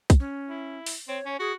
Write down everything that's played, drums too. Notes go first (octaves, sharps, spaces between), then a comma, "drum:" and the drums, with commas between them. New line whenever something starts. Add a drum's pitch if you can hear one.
drum: kick, hi-hat
C#4
E4
drum: open hi-hat
C4 C#5
C#4
F#4 G#4